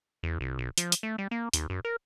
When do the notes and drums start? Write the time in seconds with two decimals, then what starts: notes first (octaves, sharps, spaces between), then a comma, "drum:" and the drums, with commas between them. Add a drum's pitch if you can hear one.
0.23 E2
0.41 C2
0.58 B1
0.78 F3, drum: hi-hat
0.92 drum: hi-hat
1.03 A3
1.18 G3
1.31 A#3
1.53 D#2, drum: hi-hat
1.70 F#2
1.85 A#4